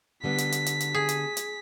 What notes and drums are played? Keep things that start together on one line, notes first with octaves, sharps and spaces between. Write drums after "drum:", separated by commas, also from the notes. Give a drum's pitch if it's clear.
D3 G3 B3 B6
drum: hi-hat
drum: hi-hat
drum: hi-hat
drum: hi-hat
G#4
drum: hi-hat
drum: hi-hat